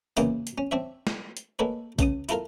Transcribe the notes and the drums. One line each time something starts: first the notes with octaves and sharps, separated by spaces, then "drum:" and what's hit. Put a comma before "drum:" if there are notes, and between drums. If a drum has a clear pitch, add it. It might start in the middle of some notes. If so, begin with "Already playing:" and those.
E2 A#2 C#3 E3 A#3 B3, drum: hi-hat
drum: hi-hat
C#4
C4 D4 C#5 E5
drum: snare
drum: hi-hat
G#3 A#3 A4 B4 C#5
C#2 C#3 D#6, drum: kick A#1, hi-hat
E4 F4 A4 A#4 F5, drum: hi-hat